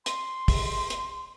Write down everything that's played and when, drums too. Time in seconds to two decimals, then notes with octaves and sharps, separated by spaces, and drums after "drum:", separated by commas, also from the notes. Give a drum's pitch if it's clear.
0.06 C6, drum: hi-hat
0.48 drum: kick, open hi-hat
0.90 drum: hi-hat